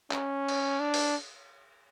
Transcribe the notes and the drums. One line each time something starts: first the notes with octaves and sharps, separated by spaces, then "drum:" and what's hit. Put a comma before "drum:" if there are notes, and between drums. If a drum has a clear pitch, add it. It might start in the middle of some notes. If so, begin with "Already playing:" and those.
C#4, drum: clap
drum: cymbal
D4
drum: open hi-hat